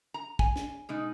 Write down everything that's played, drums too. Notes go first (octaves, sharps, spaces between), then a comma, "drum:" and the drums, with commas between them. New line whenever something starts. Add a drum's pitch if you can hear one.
A#5
G#5, drum: kick
drum: snare
B2 G#3 D#4